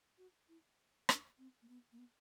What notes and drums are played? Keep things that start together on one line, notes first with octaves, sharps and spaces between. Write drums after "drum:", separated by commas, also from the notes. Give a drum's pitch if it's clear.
F#4
E4
D4, drum: rim click
C4
A#3
B3
A#3
B3